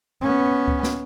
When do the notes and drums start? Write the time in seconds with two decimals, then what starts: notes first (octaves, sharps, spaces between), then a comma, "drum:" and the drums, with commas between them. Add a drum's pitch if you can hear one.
0.21 B3 C#4
0.68 drum: kick C#2
0.83 drum: snare